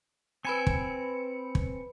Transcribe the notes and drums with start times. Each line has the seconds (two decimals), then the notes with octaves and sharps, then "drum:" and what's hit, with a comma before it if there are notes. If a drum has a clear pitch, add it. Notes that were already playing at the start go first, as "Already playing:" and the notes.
0.45 C4 B4 G#5 B5 C#7
0.67 drum: kick
1.55 drum: kick